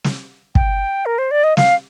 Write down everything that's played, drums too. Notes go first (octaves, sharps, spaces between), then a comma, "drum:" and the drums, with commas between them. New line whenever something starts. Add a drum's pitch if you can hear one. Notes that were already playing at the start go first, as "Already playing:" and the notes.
drum: snare
G5, drum: kick
A#4
C5
D5
D#5
F5, drum: snare